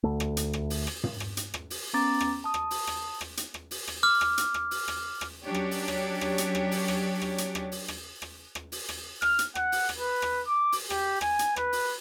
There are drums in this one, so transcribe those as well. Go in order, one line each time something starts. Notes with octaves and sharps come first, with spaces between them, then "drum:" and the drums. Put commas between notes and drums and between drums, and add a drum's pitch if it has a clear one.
D2 A3
drum: rim click
drum: hi-hat
drum: rim click
drum: open hi-hat
drum: rim click
drum: tom
drum: rim click
drum: hi-hat
drum: rim click
drum: open hi-hat
B3 C#4 A#5 D6 A6
drum: rim click
A5 D#6
drum: rim click
drum: open hi-hat
drum: rim click
drum: rim click
drum: hi-hat
drum: rim click
drum: open hi-hat
drum: rim click
D6 F6
drum: rim click
drum: hi-hat
drum: rim click
drum: open hi-hat
drum: rim click
drum: rim click
F#3 C#4 D4 G4 C#5
drum: rim click
drum: open hi-hat
drum: rim click
drum: rim click
drum: hi-hat
drum: rim click
drum: open hi-hat
drum: rim click
drum: rim click
drum: hi-hat
drum: rim click
drum: open hi-hat
drum: rim click
drum: rim click
drum: rim click
drum: open hi-hat
drum: rim click
F6, drum: rim click
drum: hi-hat
F#5, drum: rim click
drum: open hi-hat
drum: rim click
B4
drum: rim click
D6
drum: open hi-hat
G4, drum: rim click
G#5, drum: rim click
drum: hi-hat
B4, drum: rim click
drum: open hi-hat